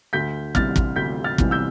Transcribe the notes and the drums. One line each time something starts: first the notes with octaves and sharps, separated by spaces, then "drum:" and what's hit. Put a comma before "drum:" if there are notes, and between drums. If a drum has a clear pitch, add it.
D2 G6 B6
C3 E3 G3 F6 A6, drum: kick
drum: kick
D2 G6 B6
F6 A6
C3 E3 G3, drum: kick
E6 G6